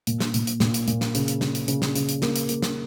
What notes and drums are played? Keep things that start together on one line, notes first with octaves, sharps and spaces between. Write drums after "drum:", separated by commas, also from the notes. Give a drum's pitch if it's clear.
A#2, drum: hi-hat
drum: snare
A#2, drum: hi-hat
drum: hi-hat
A#2, drum: snare
drum: hi-hat
A#2, drum: hi-hat
drum: snare
C#3, drum: hi-hat
drum: hi-hat
C#3, drum: snare
drum: hi-hat
C#3, drum: hi-hat
drum: snare
C#3, drum: hi-hat
drum: hi-hat
A#3, drum: snare
drum: hi-hat
A#3, drum: hi-hat
drum: snare